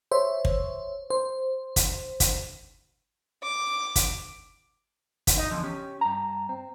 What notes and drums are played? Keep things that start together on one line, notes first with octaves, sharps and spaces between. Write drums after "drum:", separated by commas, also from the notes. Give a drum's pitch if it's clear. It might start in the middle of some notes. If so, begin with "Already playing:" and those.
C5 C#5 E5
drum: kick
C5
drum: kick, hi-hat
drum: kick, hi-hat
D6
drum: kick, hi-hat
drum: kick, hi-hat
D#4 D#5
E2 D3 F3
C#4 G4
G2 A#5
C4